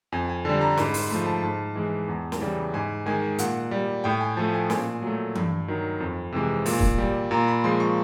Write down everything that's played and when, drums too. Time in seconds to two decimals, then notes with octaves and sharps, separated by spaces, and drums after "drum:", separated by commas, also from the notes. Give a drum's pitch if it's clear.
0.12 F2 G#5
0.29 G#5
0.45 D3 G3 A5
0.61 A#5
0.77 G#2 B5, drum: snare
0.94 C6, drum: open hi-hat
1.10 F3 A3 B5
1.26 A5
1.43 G#2 A5
1.75 E3 G#3
2.08 E2
2.32 drum: snare
2.41 C#3 E3 G3
2.73 G#2 G#5
3.06 D#3 G#3 G#5
3.38 A#2 F#5, drum: hi-hat
3.71 G3
4.04 A2 G5
4.21 G#5
4.37 F3 A3 A5
4.54 G#5
4.70 A#2 G#5, drum: snare
5.02 F#3 A3
5.35 G2, drum: tom E3
5.68 D#3 F#3
6.00 F2
6.32 C3 E3 G#3
6.66 A#2, drum: open hi-hat
6.79 drum: kick
6.98 G3
7.31 A#2 A#5
7.48 B5
7.64 F3 G#3 C6
7.80 C#6